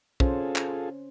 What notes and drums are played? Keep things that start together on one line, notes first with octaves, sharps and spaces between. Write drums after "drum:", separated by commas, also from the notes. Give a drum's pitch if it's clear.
C#4 F4 G#4 A4 C5, drum: kick
drum: clap